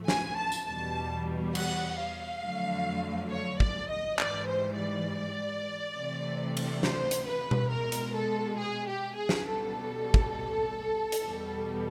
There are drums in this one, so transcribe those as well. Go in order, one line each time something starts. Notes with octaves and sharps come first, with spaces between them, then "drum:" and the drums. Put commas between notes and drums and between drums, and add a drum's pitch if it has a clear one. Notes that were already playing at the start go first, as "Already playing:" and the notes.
Already playing: A2 F3 A3
G#5, drum: snare
A5
drum: tambourine
E2 B2 G3 A5
F#5, drum: cymbal
F5
F2 D3 F#3 A3
C#5
D5, drum: kick
D#5
G#2 E3 G3 D5, drum: clap
C5
D5
C3 E3 A3
drum: cymbal
C5, drum: snare
drum: hi-hat
B4
drum: tom B2
B2 G#3 A#4
drum: hi-hat
A4
G#4
G4
G#4
drum: snare
B2 G3 A4
drum: kick
drum: hi-hat
E2 B2 G3